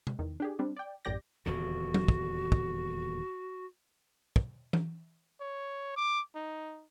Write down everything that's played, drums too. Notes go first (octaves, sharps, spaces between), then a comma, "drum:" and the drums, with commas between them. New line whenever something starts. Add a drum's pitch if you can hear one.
drum: tom C3
E2 D#3
D4 G4 G#4
G3 C4 D4
D5 G5
A1 F#2 G4 D5 G6 A#6
D#1 E2 D3 F#4
drum: tom
drum: kick
drum: kick
drum: kick
drum: tom E3
C#5
D6
D#4